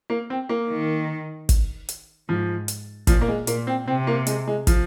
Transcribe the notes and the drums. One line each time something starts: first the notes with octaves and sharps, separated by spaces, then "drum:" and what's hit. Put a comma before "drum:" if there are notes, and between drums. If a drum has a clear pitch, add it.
A#3
C4
A#3
D#3
drum: kick, hi-hat
drum: hi-hat
G#2 F3
drum: hi-hat
A#2 F3, drum: kick, hi-hat
A#3
G#3
A#2 A#3, drum: hi-hat
C4
C3 C4
A#3
G#3, drum: hi-hat
G#3
F3, drum: kick, hi-hat